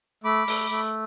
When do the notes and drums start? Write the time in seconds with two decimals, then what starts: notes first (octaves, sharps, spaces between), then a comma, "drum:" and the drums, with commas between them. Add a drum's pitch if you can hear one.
0.24 A3 B5 D6
0.47 A3, drum: open hi-hat
0.71 A3